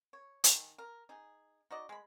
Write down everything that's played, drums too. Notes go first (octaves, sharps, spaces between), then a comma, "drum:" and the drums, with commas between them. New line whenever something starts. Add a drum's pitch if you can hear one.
C#5
D#3 G#5 A5, drum: hi-hat
A#4
D#4 G#4
D#4 F#4 D5 D#5
G#3 B5